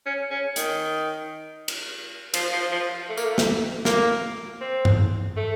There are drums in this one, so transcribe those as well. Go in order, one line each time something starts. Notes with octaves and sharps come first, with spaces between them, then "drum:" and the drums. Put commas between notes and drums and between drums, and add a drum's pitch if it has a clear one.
C#4
C#4
D#3, drum: hi-hat
drum: cymbal
F3, drum: cymbal
F3
F3
A3
A#3, drum: tambourine
A3
drum: snare
A#3, drum: snare
C4
drum: tom G2
A3